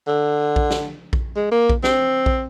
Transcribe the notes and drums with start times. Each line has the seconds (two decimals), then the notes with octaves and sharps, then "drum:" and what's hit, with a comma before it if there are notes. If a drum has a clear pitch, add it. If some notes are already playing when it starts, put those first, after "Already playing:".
0.07 D3
0.56 drum: kick A#1
0.70 drum: snare
1.13 drum: kick A#1
1.36 G#3
1.51 A#3
1.70 drum: kick A#1
1.84 C4, drum: snare
2.26 drum: kick A#1